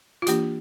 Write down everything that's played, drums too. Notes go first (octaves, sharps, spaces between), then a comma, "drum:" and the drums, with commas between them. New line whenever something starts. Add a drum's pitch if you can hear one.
F4
E3 A#3 D4 G4, drum: hi-hat